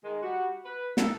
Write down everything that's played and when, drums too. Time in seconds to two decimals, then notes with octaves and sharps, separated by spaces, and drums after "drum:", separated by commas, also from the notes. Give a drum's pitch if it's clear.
0.04 D#3 G#3
0.22 G3 F#4
0.65 B4
0.97 D#3 A4, drum: snare